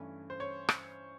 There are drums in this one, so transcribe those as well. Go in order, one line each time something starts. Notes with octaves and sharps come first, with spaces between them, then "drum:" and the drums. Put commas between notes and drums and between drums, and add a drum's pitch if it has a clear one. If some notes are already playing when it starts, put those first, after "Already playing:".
Already playing: G2 E3 A3 C#4
C5
C#5
drum: rim click